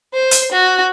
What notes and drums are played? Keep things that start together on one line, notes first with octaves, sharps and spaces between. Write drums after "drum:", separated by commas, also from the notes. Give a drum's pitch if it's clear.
C5
drum: hi-hat
F#4